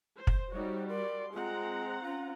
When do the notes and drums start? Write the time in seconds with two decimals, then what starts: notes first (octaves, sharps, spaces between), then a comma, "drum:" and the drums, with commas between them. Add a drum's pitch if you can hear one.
0.17 C5
0.27 drum: kick
0.53 G3 D#4 F#4 C5 C#5
0.89 A#4 D5 C6
1.34 G#3 C4 F4 F#5 A#5
2.04 C#4 F4